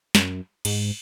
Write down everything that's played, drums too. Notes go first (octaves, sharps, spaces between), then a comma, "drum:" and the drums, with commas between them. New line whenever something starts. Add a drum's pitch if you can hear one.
F#2, drum: snare
G#2, drum: cymbal